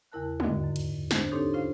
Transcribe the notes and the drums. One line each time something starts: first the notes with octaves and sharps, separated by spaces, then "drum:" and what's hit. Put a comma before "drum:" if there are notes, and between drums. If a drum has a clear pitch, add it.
E2 C#3 E4 A#4 A5 F#6
D#2 G#2 D3 F#4 D#5, drum: tom
F#2
drum: cymbal
D4 C5, drum: snare
C4 D4 D#4 G4 A4 C#5
C#4 F4 C5 F5